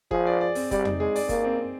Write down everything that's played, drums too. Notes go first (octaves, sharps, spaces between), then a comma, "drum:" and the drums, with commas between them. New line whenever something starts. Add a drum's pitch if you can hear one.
F3 G#4, drum: kick F#1
D5
D5
C4, drum: open hi-hat
G3 D5, drum: kick F#1, hi-hat
D#4, drum: tom F2
G#3 G#4
D5, drum: open hi-hat
A#3 D5, drum: kick F#1, hi-hat
C4
C4